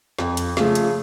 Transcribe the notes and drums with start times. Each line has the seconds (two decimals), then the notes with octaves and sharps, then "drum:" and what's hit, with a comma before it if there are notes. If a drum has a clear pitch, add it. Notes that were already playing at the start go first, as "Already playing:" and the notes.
0.19 F2, drum: snare
0.37 drum: hi-hat
0.57 C#3 F3 A3, drum: snare
0.75 drum: hi-hat